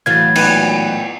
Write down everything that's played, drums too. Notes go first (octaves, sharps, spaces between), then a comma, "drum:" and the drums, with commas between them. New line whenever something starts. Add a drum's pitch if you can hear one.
A2 E3 F#3 F5 G#6 A6
A#2 B3 D#4 B4 G5 G#5, drum: cymbal